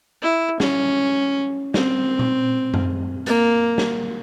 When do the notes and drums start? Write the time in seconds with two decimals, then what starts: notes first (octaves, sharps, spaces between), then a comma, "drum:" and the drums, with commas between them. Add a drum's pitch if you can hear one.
0.22 E4
0.60 C#4, drum: snare
1.74 C4, drum: snare
2.19 drum: tom A#2
2.74 drum: tom F#2
3.26 A#3, drum: hi-hat
3.78 drum: snare